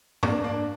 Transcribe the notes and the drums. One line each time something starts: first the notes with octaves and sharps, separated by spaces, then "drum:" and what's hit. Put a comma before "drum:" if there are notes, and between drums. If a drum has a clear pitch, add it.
A#3 D4, drum: tom G#2
A#3 D4